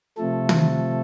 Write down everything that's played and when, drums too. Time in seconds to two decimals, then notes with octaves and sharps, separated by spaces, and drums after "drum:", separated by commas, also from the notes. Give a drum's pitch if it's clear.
0.17 C3 F3 A3 A4
0.49 drum: tom D#3